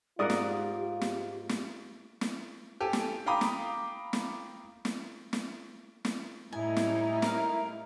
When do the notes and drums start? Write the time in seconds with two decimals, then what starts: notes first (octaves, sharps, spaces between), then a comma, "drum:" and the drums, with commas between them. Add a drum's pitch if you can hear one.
0.19 G#2 F4 G4 A#4 D5 F#5 D#6
0.30 drum: snare
1.01 drum: snare
1.49 drum: snare
2.21 drum: snare
2.81 G4 A4 G#5
2.93 drum: snare
3.26 F5 G5 A#5 B5 D6 D#6
3.41 drum: snare
4.13 drum: snare
4.85 drum: snare
5.33 drum: snare
6.05 drum: snare
6.53 A2 G3 D#4 E4 G#5
6.76 drum: snare
7.22 A#4 F5, drum: snare